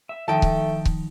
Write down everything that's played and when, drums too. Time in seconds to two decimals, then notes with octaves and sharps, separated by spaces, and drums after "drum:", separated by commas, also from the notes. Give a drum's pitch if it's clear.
0.09 E5
0.28 D#3 F3 A3 D#4 G5 A5
0.42 drum: kick C#1
0.85 drum: kick C#1